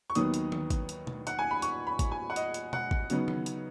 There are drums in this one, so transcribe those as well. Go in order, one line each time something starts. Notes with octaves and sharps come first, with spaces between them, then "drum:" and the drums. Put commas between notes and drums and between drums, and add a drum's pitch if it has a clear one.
C#6
D#2 D#3 F#3 B3 D#6, drum: hi-hat
drum: hi-hat
drum: tom D#3
drum: kick, hi-hat
drum: hi-hat
drum: tom B2
F#5, drum: hi-hat
G#5
B5
C#6, drum: hi-hat
B5
drum: kick, hi-hat
G#5
F#5
D#5, drum: hi-hat
drum: hi-hat
F#5, drum: tom B2
drum: kick
C#3 F#3 B3 D#4, drum: hi-hat
drum: tom D#3
drum: hi-hat